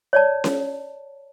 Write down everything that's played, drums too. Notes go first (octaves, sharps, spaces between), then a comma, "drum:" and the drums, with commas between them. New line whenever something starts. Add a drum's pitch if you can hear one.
C#5 D5 A5
drum: snare C#4